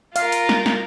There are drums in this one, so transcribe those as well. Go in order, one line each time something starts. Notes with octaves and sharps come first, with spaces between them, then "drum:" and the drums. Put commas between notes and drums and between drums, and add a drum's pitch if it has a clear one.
F4 A#4 F5, drum: hi-hat
drum: hi-hat
drum: snare
drum: snare